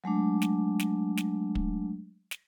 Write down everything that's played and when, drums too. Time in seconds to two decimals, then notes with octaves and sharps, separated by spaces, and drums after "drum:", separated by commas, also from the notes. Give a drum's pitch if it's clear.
0.04 F#3 G#3 A3 D4
0.42 drum: snare
0.79 drum: snare
1.17 drum: snare
1.55 drum: kick
2.31 drum: snare